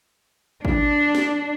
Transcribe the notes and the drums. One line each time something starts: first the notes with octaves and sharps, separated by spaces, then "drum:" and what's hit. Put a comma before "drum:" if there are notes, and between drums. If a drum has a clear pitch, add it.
D4, drum: kick
drum: snare